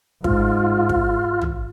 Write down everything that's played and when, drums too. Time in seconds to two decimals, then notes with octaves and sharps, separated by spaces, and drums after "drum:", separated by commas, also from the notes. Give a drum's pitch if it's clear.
0.24 G#2 F4, drum: kick
0.89 drum: kick
1.42 drum: tom